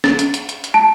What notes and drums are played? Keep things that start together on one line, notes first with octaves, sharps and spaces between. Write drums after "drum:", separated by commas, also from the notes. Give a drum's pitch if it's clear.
A6, drum: snare C#4
drum: hi-hat
drum: hi-hat
drum: hi-hat
drum: hi-hat
A5